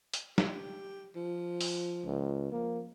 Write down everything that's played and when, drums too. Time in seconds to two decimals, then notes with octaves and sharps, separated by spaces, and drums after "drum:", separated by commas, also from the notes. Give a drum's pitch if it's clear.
0.14 drum: hi-hat
0.38 G4, drum: snare
1.16 F3
1.61 drum: open hi-hat
2.05 C#2
2.52 F3 A#3